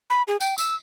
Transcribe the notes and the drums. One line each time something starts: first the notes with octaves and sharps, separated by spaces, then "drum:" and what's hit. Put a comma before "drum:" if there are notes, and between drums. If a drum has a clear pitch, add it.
B5
G#4
G5, drum: tambourine
E6, drum: tambourine